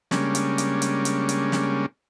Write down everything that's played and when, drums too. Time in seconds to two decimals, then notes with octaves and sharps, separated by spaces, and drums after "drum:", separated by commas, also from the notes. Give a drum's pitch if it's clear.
0.11 C#3 G3 G#3 A#3 C#4 D4, drum: snare
0.35 drum: hi-hat
0.58 drum: hi-hat
0.82 drum: hi-hat
1.05 drum: hi-hat
1.29 drum: hi-hat
1.52 drum: snare